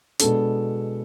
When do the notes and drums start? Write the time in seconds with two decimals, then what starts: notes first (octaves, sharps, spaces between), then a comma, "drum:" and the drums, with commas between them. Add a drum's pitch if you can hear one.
0.19 B2 G#3 B3 D4 A4, drum: hi-hat